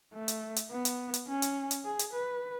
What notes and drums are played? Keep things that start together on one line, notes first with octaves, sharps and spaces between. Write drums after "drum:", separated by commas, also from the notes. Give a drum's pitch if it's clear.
A3
drum: hi-hat
drum: hi-hat
B3
drum: hi-hat
drum: hi-hat
C#4
drum: hi-hat
drum: hi-hat
G#4
drum: hi-hat
B4